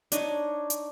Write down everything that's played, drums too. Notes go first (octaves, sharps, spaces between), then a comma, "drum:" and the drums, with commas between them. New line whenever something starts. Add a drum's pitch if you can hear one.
D4 D#4 C#5 D#5, drum: hi-hat
drum: hi-hat